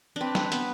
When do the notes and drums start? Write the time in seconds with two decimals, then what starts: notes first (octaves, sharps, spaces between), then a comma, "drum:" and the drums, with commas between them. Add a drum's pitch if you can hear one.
0.16 C4 D4 B4
0.35 C4, drum: snare
0.52 B3, drum: hi-hat